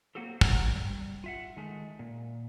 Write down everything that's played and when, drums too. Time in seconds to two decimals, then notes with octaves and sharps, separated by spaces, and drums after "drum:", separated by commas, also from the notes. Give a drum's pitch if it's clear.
0.15 F#3 A#3 C4 F#4 G4 A4
0.41 F#5 A#5, drum: kick
0.75 G3
1.24 F4 E5 F#5
1.57 D#3 G#3 A3
1.99 A#2